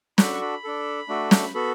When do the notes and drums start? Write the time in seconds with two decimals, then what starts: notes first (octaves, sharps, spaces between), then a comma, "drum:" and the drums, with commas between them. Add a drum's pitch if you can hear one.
0.18 D4 F#4 A4 B5, drum: snare
0.34 C#6
0.41 B5
0.64 D4 A4
1.09 A3 D4 F#4 A4
1.31 drum: snare
1.54 B3 F#4 A4 B5